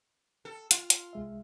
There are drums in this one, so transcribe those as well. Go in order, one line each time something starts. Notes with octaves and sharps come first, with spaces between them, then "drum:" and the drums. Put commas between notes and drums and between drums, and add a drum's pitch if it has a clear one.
A4
F4, drum: hi-hat
drum: hi-hat
C2 G#3 E5